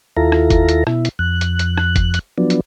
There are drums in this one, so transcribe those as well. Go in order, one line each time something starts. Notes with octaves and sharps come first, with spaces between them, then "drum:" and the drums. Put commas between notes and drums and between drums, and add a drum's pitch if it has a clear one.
D#2 E4 F4 A4 A#5
drum: rim click
drum: kick F#1, hi-hat
drum: hi-hat
B2 E4, drum: rim click
drum: hi-hat
F2 F#6
drum: hi-hat
drum: hi-hat
drum: rim click
drum: kick F#1, hi-hat
drum: hi-hat
F3 F#3 B3 D4
drum: hi-hat